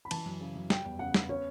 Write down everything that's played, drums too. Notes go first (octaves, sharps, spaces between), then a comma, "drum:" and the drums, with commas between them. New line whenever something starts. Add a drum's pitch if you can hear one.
B5
E3 A5, drum: cymbal
F#2
C#3
F#2
G3 G5, drum: snare
E2
C#3 F#5
B3, drum: snare
C#4 C#5